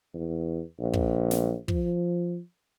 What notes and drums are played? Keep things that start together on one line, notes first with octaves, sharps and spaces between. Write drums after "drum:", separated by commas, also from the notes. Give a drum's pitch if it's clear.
E2
A#1
drum: kick
drum: snare
F3, drum: kick